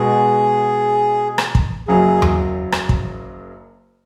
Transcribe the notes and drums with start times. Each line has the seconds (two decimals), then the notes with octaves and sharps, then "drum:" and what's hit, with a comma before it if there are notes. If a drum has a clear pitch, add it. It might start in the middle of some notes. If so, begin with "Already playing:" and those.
Already playing: B2 G#3 B3 F#4 G#4
1.38 drum: rim click
1.55 drum: kick
1.88 F#1 F#2 C#3 F#3 G#4
2.22 drum: tom E2
2.72 drum: rim click
2.89 drum: kick